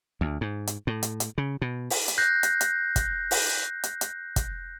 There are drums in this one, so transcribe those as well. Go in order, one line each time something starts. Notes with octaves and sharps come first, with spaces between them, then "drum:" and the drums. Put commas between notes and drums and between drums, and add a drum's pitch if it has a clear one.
D2
G#2
drum: hi-hat
A2
drum: hi-hat
drum: hi-hat
C#3
B2
drum: open hi-hat
drum: hi-hat
F#6 G6 A#6 C7
drum: hi-hat
drum: hi-hat
drum: kick, hi-hat
drum: open hi-hat
drum: hi-hat
drum: hi-hat
drum: kick, hi-hat